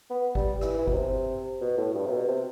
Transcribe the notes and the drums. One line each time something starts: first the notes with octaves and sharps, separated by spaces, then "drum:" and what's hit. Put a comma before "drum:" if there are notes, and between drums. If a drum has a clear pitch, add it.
B3
G3, drum: kick G1
E3, drum: rim click
E3
B2, drum: kick G1
C3
B2
A2
G2
C3
B2
C3